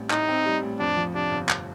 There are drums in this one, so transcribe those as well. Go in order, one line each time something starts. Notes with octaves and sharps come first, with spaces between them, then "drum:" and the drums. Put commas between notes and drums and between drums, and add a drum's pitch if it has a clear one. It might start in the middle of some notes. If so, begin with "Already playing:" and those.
Already playing: A1 A2 G3 C4
A2 D#4, drum: clap
C4
G3
A1
F2 D4
F3
C3 D4
G1
F2, drum: clap